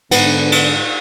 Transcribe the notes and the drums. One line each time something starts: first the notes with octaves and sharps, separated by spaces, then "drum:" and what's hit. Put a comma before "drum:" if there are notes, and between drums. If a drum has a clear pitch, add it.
G#2 D3 B3 B4 F#5, drum: cymbal
drum: cymbal